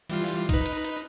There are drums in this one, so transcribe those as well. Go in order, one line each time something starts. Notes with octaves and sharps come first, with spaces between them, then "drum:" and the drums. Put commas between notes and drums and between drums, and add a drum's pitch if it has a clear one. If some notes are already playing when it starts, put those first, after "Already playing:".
E3 G3 F4, drum: cymbal
drum: cymbal
D#4 B4, drum: kick, cymbal
drum: cymbal
drum: cymbal